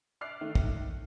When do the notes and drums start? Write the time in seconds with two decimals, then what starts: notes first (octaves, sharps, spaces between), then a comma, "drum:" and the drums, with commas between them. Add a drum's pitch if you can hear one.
0.21 D5 E5 D6 F6 F#6 C7
0.41 D#3 A3
0.55 drum: kick